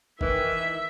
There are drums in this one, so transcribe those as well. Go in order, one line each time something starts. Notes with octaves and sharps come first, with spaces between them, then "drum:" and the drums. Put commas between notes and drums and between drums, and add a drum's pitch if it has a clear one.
D#3 E3 E5, drum: kick